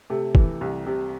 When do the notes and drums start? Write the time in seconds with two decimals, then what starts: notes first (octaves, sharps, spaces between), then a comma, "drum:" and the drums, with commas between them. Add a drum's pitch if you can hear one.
0.10 C3 A3
0.35 E3, drum: kick
0.61 C2
0.86 C3